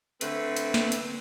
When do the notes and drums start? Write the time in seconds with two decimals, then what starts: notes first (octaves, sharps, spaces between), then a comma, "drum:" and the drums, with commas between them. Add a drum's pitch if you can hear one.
0.21 D3 A3 C4 B4, drum: hi-hat
0.56 drum: hi-hat
0.74 drum: snare
0.92 drum: hi-hat